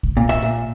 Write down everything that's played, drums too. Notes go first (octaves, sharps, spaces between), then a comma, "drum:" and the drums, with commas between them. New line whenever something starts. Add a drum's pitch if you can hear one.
drum: kick
A#2
E5, drum: rim click
A#2